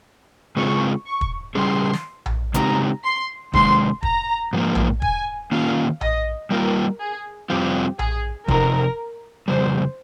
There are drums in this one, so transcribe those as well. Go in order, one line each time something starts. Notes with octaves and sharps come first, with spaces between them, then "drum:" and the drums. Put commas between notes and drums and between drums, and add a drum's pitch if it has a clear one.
C#3 G#3 C4 F4 G#4 C#6
C#6
drum: kick
C#3 G3 C#4 G#4 C6
drum: snare
drum: tom A#1
C#3 G#3 C4 D#4 G4 A#5, drum: hi-hat
C6
C3 D#3 G#3 C6, drum: kick
A#5, drum: kick
G#2 F3 A#3
drum: tom A#1
G#5, drum: kick
D#3 A#3 C#4 F4 F5
D#5, drum: tom A#1
G3 A#3 F4 A#4
G#4
F2 C3 G3 C4 F4 G4
G#4, drum: tom A#1
F2 C3 D#4 A#4, drum: kick
F2 C#3 G3 C5